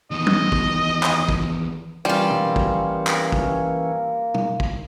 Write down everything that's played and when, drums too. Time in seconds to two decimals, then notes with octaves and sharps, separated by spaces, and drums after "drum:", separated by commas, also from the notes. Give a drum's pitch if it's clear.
0.11 E2 D#3 D#5
0.27 drum: tom
0.52 drum: kick
1.03 drum: clap
1.29 drum: kick
2.05 E3 G3 A#3 C4 C#4 F4
2.31 drum: tom
2.56 drum: kick
3.07 drum: clap
3.32 drum: kick
4.34 drum: tom
4.60 drum: kick